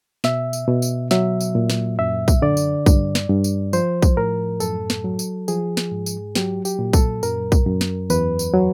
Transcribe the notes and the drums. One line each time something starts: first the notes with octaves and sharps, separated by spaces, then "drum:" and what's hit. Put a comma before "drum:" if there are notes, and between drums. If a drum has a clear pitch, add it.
B2 E5, drum: snare
drum: tambourine
B2
drum: tambourine
F#3 E5, drum: snare
drum: tambourine
A#2
drum: snare
F#2 E5
drum: kick, tambourine
D3 D5
drum: tambourine
G2, drum: kick, tambourine
drum: snare
G2
drum: tambourine
F3 C5, drum: tambourine
drum: kick, tambourine
A2 A#4
F#2 A4, drum: tambourine
drum: snare
F#3
drum: tambourine
F3 G#4, drum: tambourine
drum: snare
G#2
drum: tambourine
F#3 G4, drum: snare
G4, drum: tambourine
A#2
A4, drum: kick, tambourine
F#2 A#4, drum: tambourine
drum: kick, tambourine
F#2
drum: snare
E2 B4, drum: tambourine
drum: tambourine
F#3